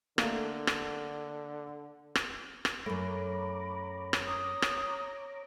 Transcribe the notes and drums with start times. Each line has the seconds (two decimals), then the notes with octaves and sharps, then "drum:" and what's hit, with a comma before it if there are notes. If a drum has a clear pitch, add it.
0.18 D3 A3 A#3, drum: rim click
0.67 drum: rim click
2.15 drum: rim click
2.65 drum: rim click
2.86 F#2 A3 C#5 A#5 B5 D6
4.13 drum: rim click
4.27 D#6
4.62 drum: rim click